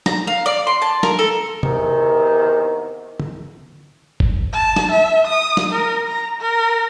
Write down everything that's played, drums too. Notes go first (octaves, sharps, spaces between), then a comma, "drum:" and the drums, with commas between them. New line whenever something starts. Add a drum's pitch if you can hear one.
A#5, drum: snare
F5
D5
C6
A5
A#4, drum: snare
A4
E2 C3 D#3, drum: tom
drum: tom
drum: kick G1
A5
drum: snare
E5
D#6
drum: snare
A#4
A#5
A#4